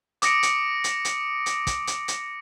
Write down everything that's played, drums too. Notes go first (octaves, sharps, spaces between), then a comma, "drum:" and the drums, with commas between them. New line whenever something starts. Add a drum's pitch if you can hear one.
D6 D#6 A#6 C#7 D7, drum: hi-hat
drum: hi-hat
drum: hi-hat
drum: hi-hat
drum: hi-hat
drum: kick, hi-hat
drum: hi-hat
drum: hi-hat